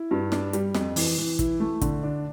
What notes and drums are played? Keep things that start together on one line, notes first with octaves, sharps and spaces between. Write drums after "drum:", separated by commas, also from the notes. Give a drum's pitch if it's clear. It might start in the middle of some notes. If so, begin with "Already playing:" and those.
Already playing: E4
G2
D4, drum: snare
G3, drum: hi-hat
F2, drum: snare
E3, drum: open hi-hat
E3
E4, drum: kick, hi-hat
A3
D3, drum: kick, hi-hat
D4